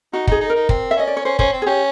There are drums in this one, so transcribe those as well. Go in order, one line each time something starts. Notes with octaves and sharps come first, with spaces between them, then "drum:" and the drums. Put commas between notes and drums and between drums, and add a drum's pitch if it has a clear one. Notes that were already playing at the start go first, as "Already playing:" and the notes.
D#4 F#4
D#4 G#4, drum: kick
D#4
A#4
D#4
C4, drum: kick
E5
C#4 D#5
D5
C#5
C#4 C5
C#4 C5, drum: kick
C4
G#4
C#4 G4